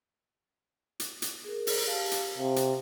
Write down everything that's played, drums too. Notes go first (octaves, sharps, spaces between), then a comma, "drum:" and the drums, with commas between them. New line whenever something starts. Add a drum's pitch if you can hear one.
drum: hi-hat
drum: hi-hat
G#4 A#4
drum: open hi-hat
G4 F5 A5
drum: hi-hat
C3 F5
drum: hi-hat